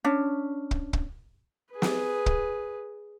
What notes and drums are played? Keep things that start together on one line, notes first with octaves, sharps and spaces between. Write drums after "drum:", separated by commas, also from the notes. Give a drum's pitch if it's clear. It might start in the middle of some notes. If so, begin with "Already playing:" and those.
C#4 D4
drum: kick
drum: kick
G#4 B4
drum: snare
drum: kick